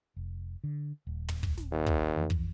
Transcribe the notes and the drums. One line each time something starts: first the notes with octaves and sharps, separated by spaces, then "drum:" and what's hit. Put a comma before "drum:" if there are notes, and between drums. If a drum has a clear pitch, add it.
F1
D3
D#1
drum: tom
drum: kick
drum: snare
D#2
drum: kick
F2 E3
drum: kick